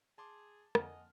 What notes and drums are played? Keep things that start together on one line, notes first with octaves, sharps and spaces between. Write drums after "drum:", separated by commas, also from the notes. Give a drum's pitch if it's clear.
G#4 A5 C6 D6
F2 D3 A#3 D#5 F#5 G#5 F6, drum: rim click